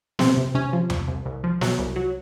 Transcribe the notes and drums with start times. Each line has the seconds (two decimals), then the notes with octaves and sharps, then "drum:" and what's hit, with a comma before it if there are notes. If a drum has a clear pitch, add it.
0.19 C3 C4, drum: snare
0.37 C3
0.54 C3 C#4
0.73 F3
0.90 C2, drum: tom E2
1.08 C2
1.25 C2
1.44 F3
1.61 F#3, drum: snare
1.79 C2
1.96 F#3